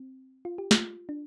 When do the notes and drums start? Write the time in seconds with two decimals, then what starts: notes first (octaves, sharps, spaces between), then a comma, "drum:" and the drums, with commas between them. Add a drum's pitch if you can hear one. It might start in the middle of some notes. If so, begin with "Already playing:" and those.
Already playing: C4
0.45 F4
0.58 G4
0.71 F4, drum: snare
1.09 D4